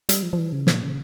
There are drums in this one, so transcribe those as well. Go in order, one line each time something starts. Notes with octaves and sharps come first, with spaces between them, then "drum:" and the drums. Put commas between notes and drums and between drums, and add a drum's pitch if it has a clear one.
G3, drum: hi-hat
F3
F3
E3
C#3
A#2, drum: snare
C#3